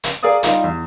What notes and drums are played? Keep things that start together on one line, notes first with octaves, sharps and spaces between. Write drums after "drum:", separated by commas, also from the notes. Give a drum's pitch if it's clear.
drum: hi-hat
G#4 A#4 D5 F5 D#6
G3 D#4 F4, drum: hi-hat
E2